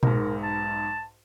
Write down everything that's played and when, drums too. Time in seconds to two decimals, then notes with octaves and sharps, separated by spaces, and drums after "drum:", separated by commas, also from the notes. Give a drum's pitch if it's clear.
0.03 B1 G#2 A#4, drum: tom A#2
0.43 A5